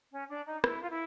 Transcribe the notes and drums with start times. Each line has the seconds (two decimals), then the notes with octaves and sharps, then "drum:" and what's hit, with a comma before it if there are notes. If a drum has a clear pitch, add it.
0.11 C#4
0.29 D4
0.46 D#4
0.64 E4, drum: rim click
0.81 F4
0.90 E4